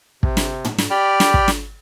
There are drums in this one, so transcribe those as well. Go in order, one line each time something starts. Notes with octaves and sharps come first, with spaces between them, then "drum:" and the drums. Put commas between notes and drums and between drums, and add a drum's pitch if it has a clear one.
C3, drum: kick
drum: snare
drum: tom
drum: snare
G4 D5 G5 B5 F6
drum: snare
drum: kick
drum: snare